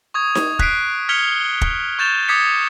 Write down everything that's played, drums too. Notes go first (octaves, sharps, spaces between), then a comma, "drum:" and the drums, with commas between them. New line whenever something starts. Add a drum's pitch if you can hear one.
C#6 D#6 G#6
drum: snare D#4
F#6 B6 C7 D7, drum: kick
F6 G#6 B6 C#7 F7 G7
drum: kick
C#6 G6 A6 E7 F7
D6 D#6 G#6 B6 C#7